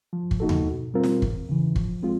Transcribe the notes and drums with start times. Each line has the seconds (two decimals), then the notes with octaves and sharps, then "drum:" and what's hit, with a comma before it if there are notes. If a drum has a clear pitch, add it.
0.13 F3
0.31 drum: kick
0.40 A#3 D#4 F#4 A4
0.49 drum: tom D#2
0.67 B2
0.94 G3 C4 F4 A#4
1.03 drum: snare
1.22 E2, drum: kick
1.49 C#3 E3
1.76 F3, drum: kick
2.03 G#3 C4 F4